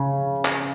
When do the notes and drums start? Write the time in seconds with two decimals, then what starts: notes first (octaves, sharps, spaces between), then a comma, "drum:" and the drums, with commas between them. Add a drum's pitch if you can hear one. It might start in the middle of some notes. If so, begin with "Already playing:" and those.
Already playing: C#3
0.45 drum: clap